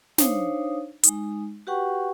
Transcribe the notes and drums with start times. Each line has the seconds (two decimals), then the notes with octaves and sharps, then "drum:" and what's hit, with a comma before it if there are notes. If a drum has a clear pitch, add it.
0.18 D4 D#4 C5 C#5 F5 D#6, drum: snare
1.03 G#3 D#4, drum: hi-hat
1.67 F#4 G4 B4 F#5 G5 C#6